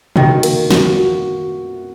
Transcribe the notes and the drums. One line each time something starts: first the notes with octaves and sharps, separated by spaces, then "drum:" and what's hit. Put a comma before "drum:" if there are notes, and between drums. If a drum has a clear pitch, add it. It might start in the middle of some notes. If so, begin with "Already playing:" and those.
D#3 F#4, drum: tom B2
A#3, drum: cymbal
F#4, drum: snare
F#4